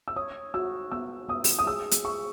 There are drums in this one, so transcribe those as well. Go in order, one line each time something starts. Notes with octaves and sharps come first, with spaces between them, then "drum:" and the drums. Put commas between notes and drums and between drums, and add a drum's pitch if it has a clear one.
E6
C#5 D#6
F#4 E6
B3 E6
B3 D#6
drum: open hi-hat
D#6
G#4 E6
drum: hi-hat
G#4 C#6